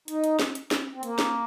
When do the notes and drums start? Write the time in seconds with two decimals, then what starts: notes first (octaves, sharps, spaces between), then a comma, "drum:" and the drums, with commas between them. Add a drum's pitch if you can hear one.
0.08 D#4, drum: hi-hat
0.24 drum: hi-hat
0.39 drum: snare
0.55 drum: hi-hat
0.71 drum: snare
0.94 C4
1.03 A#3, drum: hi-hat
1.19 drum: snare